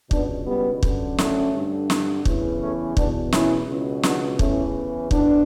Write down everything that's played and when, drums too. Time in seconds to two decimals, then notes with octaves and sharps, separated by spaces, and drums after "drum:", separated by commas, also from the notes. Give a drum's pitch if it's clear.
0.11 C#2 B2 B3 D4, drum: kick
0.47 G3 B3
0.83 F#2 D3, drum: kick
1.18 A3 C#4, drum: snare
1.54 G2 D3
1.90 drum: snare
2.25 E2 C#3 E3, drum: kick
2.61 A3 C#4
2.97 E2 B2 B3 D4, drum: kick
3.32 C#4 E4, drum: snare
3.68 C#2 B2
4.03 D4 F#4, drum: snare
4.39 E2 C#3 E3 A3 C#4, drum: kick
5.11 D2 B3 D4, drum: kick